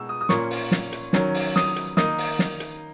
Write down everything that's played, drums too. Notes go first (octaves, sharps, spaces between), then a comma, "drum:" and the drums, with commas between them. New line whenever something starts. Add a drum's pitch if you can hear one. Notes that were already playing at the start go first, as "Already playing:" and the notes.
Already playing: B2 G#3 D#4 E6
D#6
D#6
A#2 A#3 C#4 C#6, drum: snare
drum: open hi-hat
drum: snare
drum: hi-hat
D#3 F#3 C#4, drum: snare
drum: open hi-hat
D#6, drum: snare
drum: hi-hat
D#3 A#3 D#4 D#6, drum: snare
drum: open hi-hat
drum: snare
drum: hi-hat